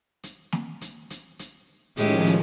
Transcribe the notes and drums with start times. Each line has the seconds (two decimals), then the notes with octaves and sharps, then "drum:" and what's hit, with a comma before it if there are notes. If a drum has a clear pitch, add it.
0.23 drum: hi-hat
0.52 drum: snare
0.81 drum: hi-hat
1.10 drum: hi-hat
1.39 drum: hi-hat
1.97 A2 D#3 F3 G#3 C#4 G4, drum: hi-hat
2.26 drum: hi-hat